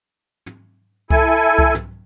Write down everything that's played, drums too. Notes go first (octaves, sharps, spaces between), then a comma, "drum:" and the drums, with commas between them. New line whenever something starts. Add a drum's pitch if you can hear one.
drum: tom
E4 A4 G#5, drum: kick C2
drum: kick C2
drum: tom